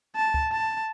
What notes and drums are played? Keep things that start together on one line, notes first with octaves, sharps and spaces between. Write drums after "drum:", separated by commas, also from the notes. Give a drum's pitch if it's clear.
A5
drum: kick C#2
A5